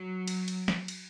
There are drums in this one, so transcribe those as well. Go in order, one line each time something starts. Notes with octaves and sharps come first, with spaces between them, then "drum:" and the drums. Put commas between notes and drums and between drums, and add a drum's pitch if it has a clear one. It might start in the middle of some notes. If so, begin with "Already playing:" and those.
Already playing: F#3
drum: cymbal
drum: cymbal
drum: snare
drum: cymbal